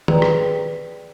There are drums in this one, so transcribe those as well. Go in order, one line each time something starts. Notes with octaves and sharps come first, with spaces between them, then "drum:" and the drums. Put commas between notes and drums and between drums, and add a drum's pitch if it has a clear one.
G#4 B4 D5 G5 A#5, drum: tom
drum: rim click